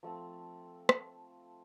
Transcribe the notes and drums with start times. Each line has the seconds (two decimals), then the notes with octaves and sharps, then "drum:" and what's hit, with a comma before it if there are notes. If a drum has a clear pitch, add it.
0.03 F3 A3 C4
0.89 drum: rim click